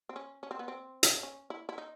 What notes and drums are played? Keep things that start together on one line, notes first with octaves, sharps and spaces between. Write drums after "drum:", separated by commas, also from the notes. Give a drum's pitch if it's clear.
C4
C#4
C#4
C4
B3
C4
drum: hi-hat
C#4
E4
E4
D#4